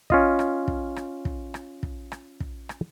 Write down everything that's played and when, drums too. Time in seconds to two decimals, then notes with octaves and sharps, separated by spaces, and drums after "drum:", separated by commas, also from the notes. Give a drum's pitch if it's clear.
0.10 C#4 F4 D#5, drum: kick
0.39 drum: rim click
0.68 drum: kick
0.96 drum: rim click
1.25 drum: kick
1.54 drum: rim click
1.83 drum: kick
2.12 drum: rim click
2.40 drum: kick
2.69 drum: rim click